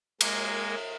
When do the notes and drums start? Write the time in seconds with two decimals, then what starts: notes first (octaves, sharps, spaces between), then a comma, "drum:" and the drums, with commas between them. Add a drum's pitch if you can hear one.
0.21 G#3 A#3, drum: cymbal